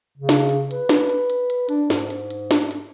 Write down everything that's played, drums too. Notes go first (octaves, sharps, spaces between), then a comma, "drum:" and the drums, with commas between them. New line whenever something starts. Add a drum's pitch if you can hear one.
C#3
drum: snare
drum: hi-hat
B4, drum: hi-hat
drum: snare
drum: hi-hat
drum: hi-hat
drum: hi-hat
D4, drum: hi-hat
G#2, drum: snare
drum: hi-hat
drum: hi-hat
drum: snare
drum: hi-hat